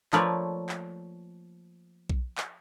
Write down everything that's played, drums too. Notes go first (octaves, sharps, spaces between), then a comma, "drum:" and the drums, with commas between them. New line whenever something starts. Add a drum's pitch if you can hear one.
F3 A3 A#3 B4 C#5 D5, drum: clap
drum: clap
drum: kick B1
drum: clap